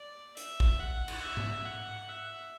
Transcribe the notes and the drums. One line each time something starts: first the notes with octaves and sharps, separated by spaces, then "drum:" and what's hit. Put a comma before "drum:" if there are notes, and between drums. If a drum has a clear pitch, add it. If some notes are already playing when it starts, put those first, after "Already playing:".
Already playing: D5
E5, drum: hi-hat
drum: kick
F#5
drum: cymbal
E5
drum: tom G#2
F#5
E5